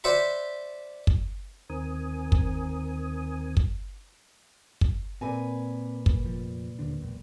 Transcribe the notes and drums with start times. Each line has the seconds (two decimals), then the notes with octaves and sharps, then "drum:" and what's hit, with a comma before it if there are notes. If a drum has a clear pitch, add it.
0.04 C5 D5 E5 F#5 B5
1.07 drum: kick
1.70 D#2 D#3 C4 A#4 G#5 D#6
2.32 drum: kick
3.57 drum: kick
4.81 drum: kick
5.21 A#2 C4 B4 G#5
6.06 drum: kick
6.24 F1 F3
6.79 D#1 D3 D4
7.01 E1 B1